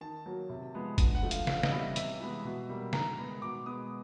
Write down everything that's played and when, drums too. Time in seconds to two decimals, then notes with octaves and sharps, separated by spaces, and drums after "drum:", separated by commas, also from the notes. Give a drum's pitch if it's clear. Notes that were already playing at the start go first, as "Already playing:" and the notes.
0.01 D#3 A5
0.26 F#3 A#3
0.50 C3
0.74 F3 G#3 B3
0.98 D3, drum: kick, hi-hat
1.15 F#5
1.23 F3 A3
1.31 F5, drum: hi-hat
1.47 C#3 F5, drum: snare
1.63 D#5, drum: snare
1.72 E3 G3 B3
1.79 E5
1.96 C3 E5, drum: hi-hat
2.20 E3 G#3 B3
2.44 B2
2.69 G3 A#3
2.93 D#3 A#5, drum: snare
3.18 G#3 B3
3.42 B2 D6
3.66 G#3 B3 D#6